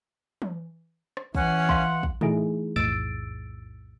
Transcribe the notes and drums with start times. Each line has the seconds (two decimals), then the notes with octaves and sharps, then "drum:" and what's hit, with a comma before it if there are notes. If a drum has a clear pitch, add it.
0.42 drum: tom E3
1.17 drum: rim click
1.35 E3 C#4 F#5, drum: kick
1.69 F5 C6, drum: kick
2.03 drum: kick
2.21 E3 A3 D#4 E4 G#4, drum: tom A2
2.76 B1 F2 A2 E6 A6 D7